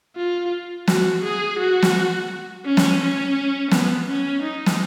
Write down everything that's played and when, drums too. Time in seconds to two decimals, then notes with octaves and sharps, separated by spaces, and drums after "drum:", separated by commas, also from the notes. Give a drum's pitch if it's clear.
0.16 F4
0.88 F#4, drum: snare
1.23 G#4
1.59 F#4
1.82 drum: snare
2.65 C#4
2.77 drum: snare
3.00 C#4
3.71 B3, drum: snare
4.08 C#4
4.43 D#4
4.66 drum: snare